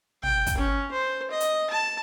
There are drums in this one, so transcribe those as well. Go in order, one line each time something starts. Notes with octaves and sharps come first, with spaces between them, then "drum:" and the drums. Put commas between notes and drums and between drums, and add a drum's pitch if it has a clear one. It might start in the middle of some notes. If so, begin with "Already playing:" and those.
G5, drum: tom
drum: kick, hi-hat
C#4
C5
D#5
drum: hi-hat
A5